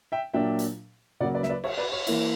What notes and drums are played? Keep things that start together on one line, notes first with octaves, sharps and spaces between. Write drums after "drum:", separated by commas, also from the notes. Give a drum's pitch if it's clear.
E5 G5
A#2 F#3 A#3 D4 E5 G5
drum: hi-hat
C#3 F#3 A#3 D5 F#5
B4 D5
E5, drum: snare
B4 D5
C#5 E5, drum: cymbal
B4 D5
C#5
E3 A#3 E4, drum: cymbal